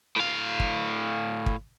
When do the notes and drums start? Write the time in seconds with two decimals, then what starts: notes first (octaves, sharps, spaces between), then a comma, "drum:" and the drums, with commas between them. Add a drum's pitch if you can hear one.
0.16 A2 F5
0.60 drum: kick
1.46 drum: kick